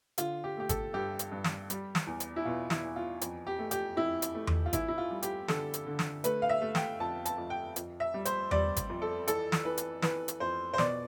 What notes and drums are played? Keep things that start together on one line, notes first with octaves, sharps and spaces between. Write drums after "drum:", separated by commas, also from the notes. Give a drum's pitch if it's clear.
D3 F4, drum: hi-hat
G4
A3 G4
A4, drum: kick G#1, hi-hat
G2 G4
drum: hi-hat
G2
drum: snare
G3, drum: hi-hat
drum: snare
E2
drum: hi-hat
E4
B2 F4
E4, drum: snare
E2
F4
F2, drum: hi-hat
G4
A3
G4, drum: hi-hat
F2 E4
drum: hi-hat
A3
drum: tom E2
F4
E2 E4, drum: kick G#1, hi-hat
E4
F4
G3
G4, drum: hi-hat
D3 A4, drum: snare
drum: hi-hat
D3
drum: snare
A3 B4, drum: hi-hat
F5
E5
A3
G5, drum: snare
F2 A5
A5, drum: hi-hat
F2
G5
F2, drum: hi-hat
E5
G3
C5, drum: hi-hat
G3 D5, drum: tom E2
drum: kick G#1, hi-hat
F2
A4
E3 A4, drum: hi-hat
drum: snare
E3 B4
drum: hi-hat
E3 B4, drum: snare
drum: hi-hat
F2 C5
C5
B2 D5, drum: snare